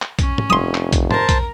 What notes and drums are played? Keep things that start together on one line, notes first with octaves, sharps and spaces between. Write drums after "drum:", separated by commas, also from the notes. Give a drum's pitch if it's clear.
drum: clap
C#4, drum: kick A#1, hi-hat
drum: tom
F1 C6 D#6
drum: clap
drum: kick A#1, hi-hat
A#4 C5 A5 A#5, drum: tom
drum: kick A#1, hi-hat